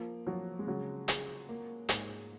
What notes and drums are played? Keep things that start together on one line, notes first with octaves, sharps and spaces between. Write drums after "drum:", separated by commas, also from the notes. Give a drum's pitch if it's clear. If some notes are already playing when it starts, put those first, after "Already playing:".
Already playing: F3 A#3
F3 F#3
G#3
C#3 F#3
G#4, drum: hi-hat
A#3
G#2, drum: hi-hat